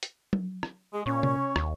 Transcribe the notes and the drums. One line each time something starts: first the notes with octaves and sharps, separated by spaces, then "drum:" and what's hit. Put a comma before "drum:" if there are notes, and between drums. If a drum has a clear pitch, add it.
drum: hi-hat
drum: tom F#3
drum: rim click
G#3 G#4
A#2 C#4 C#5
drum: tom C3
D#2, drum: rim click